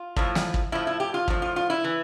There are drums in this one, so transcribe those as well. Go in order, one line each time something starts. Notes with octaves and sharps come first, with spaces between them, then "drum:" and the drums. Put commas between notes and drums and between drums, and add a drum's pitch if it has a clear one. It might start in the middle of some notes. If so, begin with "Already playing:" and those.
Already playing: F4
A2 F3, drum: kick
drum: snare
drum: kick
A2 F3 E4
E4
G4
F4
A2 F3, drum: kick
F4
F4
E4
E3